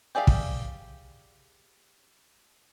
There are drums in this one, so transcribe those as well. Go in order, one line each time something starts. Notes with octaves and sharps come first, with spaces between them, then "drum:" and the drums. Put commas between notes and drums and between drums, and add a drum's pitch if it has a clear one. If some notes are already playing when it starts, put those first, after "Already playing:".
G4 G#4 D5 E5 F5
drum: kick